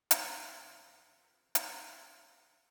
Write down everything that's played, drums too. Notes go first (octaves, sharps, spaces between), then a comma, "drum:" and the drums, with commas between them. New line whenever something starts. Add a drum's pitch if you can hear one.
F#2 F3 G#3, drum: hi-hat
C4 F4 G#4 A#4 B4
D#2, drum: hi-hat
G#4 A#5